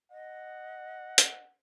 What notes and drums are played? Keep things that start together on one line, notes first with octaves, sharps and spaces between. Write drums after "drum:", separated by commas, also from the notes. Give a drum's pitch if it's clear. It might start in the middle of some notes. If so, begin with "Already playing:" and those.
D#5 F#5
drum: hi-hat